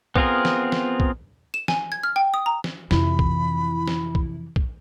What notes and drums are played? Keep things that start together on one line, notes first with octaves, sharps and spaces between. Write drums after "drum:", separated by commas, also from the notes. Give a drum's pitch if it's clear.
B3 C4 F4 G#4 A#4, drum: kick
drum: snare
drum: snare
drum: kick
E7
G#5, drum: snare
G#6
F6
G5
D#6
A#5
drum: snare
F2 C3 E3 E4 B5, drum: snare
drum: kick
drum: snare
drum: kick
drum: kick